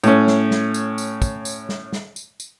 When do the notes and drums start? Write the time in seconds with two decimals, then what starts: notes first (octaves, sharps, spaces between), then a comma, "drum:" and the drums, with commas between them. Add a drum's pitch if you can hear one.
0.04 A2 C#4, drum: tambourine
0.27 drum: snare
0.51 drum: snare
0.74 drum: tambourine
0.98 drum: tambourine
1.22 drum: kick, tambourine
1.45 drum: tambourine
1.69 drum: snare
1.92 drum: snare
2.16 drum: tambourine
2.40 drum: tambourine